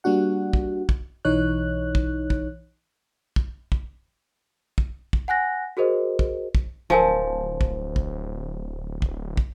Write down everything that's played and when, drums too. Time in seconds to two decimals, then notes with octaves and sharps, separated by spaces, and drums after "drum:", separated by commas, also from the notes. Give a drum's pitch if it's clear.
0.04 G3 A#3 D4 F#4 F#5
0.53 drum: kick
0.89 drum: kick
1.25 B1 E3 D#4 C#5 F#6
1.95 drum: kick
2.30 drum: kick
3.36 drum: kick
3.72 drum: kick
4.78 drum: kick
5.13 drum: kick
5.28 F#5 G#5 F#6 A#6
5.77 F#4 G#4 A#4 C5 D#5
6.19 drum: kick
6.55 drum: kick
6.90 D1 F3 A#4 G#5 A5
7.61 drum: kick
7.96 drum: kick
9.02 drum: kick
9.37 drum: kick